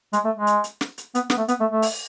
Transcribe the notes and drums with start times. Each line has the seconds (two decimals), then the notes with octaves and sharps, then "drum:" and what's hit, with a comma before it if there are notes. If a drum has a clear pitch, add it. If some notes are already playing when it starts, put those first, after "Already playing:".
0.13 G#3, drum: hi-hat
0.24 A3
0.36 G#3
0.47 drum: hi-hat
0.64 drum: hi-hat
0.81 drum: snare
0.98 drum: hi-hat
1.15 B3, drum: hi-hat
1.30 B3, drum: snare
1.37 A3
1.48 B3, drum: hi-hat
1.60 A3
1.71 A3
1.82 drum: open hi-hat